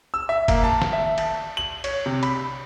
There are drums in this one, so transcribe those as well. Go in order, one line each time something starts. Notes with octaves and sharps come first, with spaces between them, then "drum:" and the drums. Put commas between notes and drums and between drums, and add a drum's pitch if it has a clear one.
E6
E5
A#3, drum: kick F#1, cymbal
A5
drum: snare
E5
A5, drum: cymbal
F#7
C#5, drum: cymbal
C3
B5, drum: cymbal